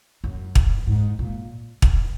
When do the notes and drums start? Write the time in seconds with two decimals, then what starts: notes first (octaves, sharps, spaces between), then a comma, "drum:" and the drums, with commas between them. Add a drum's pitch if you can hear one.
0.24 F#2
0.55 drum: kick
0.87 G#2
1.19 A#2
1.82 drum: kick